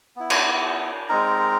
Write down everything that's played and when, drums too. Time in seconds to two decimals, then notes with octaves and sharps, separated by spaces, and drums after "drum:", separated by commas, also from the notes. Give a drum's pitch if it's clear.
0.16 B3 E4
0.30 drum: cymbal
1.09 G#3 C4 D#4 A#4 A#5